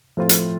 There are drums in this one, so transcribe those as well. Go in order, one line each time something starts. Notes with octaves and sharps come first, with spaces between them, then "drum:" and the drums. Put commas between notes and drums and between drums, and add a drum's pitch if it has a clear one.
A2 F3 A3 C4 F4
drum: hi-hat